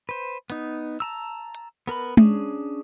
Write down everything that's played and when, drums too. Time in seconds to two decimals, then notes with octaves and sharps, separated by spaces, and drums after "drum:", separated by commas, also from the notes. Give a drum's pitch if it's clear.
0.09 B4 C5
0.50 B3 D#4, drum: hi-hat
1.00 A5 A#5 E6
1.55 drum: hi-hat
1.87 B3 A#4 B4 B5
2.17 C#4 D4 G#4, drum: tom G#3